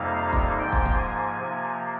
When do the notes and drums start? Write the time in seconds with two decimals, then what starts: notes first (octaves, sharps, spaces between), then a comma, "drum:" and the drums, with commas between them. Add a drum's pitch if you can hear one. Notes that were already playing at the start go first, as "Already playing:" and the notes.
Already playing: F2 C3 G3 A#3 D#4 F5
0.33 drum: kick
0.59 G#2 F3 A#3 G5
0.72 drum: kick
0.86 drum: kick
0.99 G#5
1.38 C3 F3 A#3